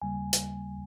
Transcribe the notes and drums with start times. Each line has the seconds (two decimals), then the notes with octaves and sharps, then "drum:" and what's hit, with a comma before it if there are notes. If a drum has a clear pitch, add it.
0.02 D#2 C#3 G3 A#3 G#5
0.33 drum: hi-hat